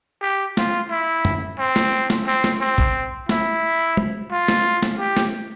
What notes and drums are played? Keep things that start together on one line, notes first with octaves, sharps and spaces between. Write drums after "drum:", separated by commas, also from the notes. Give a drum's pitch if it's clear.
G4
F4, drum: snare
E4
drum: tom F#2
C4
drum: snare
drum: snare
C4
drum: snare
C4
drum: kick A#1
E4, drum: snare
drum: tom
F4
drum: snare
drum: snare
G4
drum: snare